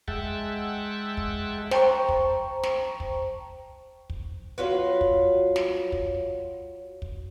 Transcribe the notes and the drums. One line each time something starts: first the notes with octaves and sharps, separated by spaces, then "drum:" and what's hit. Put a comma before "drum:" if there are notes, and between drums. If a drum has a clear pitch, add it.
G#3 E5 F#5 G5 A5, drum: kick
drum: kick
C5 G5 A5 A#5 C#6, drum: snare
drum: kick
drum: snare
drum: kick
drum: kick
F#3 F4 B4
drum: kick
drum: snare
drum: kick
drum: kick